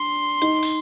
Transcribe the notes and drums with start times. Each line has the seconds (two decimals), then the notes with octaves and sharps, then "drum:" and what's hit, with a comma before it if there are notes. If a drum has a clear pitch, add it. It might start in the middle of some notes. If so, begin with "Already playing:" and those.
Already playing: D4 C6
0.42 D#4, drum: hi-hat
0.63 drum: open hi-hat